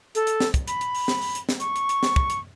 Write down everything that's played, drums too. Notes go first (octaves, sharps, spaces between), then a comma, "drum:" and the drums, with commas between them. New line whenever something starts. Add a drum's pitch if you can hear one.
A4, drum: hi-hat
drum: hi-hat
drum: snare
drum: kick, hi-hat
B5, drum: hi-hat
drum: hi-hat
drum: open hi-hat
drum: snare
drum: open hi-hat
drum: hi-hat
drum: snare
C#6, drum: hi-hat
drum: hi-hat
drum: hi-hat
drum: snare
drum: kick
drum: hi-hat